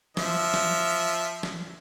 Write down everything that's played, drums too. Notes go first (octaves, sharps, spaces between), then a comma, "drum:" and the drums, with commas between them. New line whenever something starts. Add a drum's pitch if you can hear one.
F3 E5, drum: snare
drum: snare
drum: snare